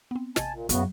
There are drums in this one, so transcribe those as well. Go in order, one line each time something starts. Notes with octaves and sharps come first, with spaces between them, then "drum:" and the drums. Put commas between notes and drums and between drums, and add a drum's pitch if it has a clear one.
B3 C4
A1 C3 D#5 G#5 A5, drum: snare
A#2
F#2 A2 C#3 B3 F#4, drum: hi-hat